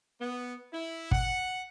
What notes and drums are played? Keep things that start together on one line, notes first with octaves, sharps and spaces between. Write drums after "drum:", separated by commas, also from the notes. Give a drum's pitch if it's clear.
B3
E4
F#5, drum: kick